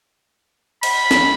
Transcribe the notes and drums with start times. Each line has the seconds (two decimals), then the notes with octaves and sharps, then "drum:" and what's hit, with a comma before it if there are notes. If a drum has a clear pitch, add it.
0.83 B5, drum: cymbal
1.11 drum: snare